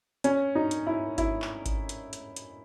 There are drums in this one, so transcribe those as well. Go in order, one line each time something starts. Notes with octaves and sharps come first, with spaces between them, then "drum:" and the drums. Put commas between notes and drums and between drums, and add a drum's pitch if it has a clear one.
C#4, drum: hi-hat
D#4
drum: hi-hat
E4
E4, drum: kick G#1, hi-hat
drum: clap
drum: kick G#1, hi-hat
drum: hi-hat
drum: hi-hat
drum: hi-hat